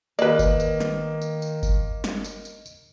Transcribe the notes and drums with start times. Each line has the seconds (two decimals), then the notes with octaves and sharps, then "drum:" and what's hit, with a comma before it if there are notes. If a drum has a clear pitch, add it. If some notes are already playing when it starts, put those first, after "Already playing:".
0.19 D#3 A#3 B4 D5 D#5, drum: tambourine
0.39 drum: kick G1, tambourine
0.60 drum: tambourine
0.80 drum: snare
1.22 drum: tambourine
1.42 drum: tambourine
1.63 drum: kick G1, tambourine
2.04 drum: snare
2.25 drum: tambourine
2.45 drum: tambourine
2.66 drum: tambourine